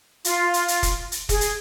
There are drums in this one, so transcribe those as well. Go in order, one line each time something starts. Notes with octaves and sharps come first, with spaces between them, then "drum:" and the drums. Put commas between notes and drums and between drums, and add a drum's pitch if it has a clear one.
F4, drum: hi-hat
drum: hi-hat
drum: hi-hat
drum: kick, hi-hat
drum: hi-hat
G#4, drum: kick, hi-hat
drum: hi-hat